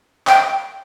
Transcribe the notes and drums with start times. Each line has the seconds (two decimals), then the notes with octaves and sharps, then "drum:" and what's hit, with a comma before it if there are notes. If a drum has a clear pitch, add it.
0.27 G5, drum: clap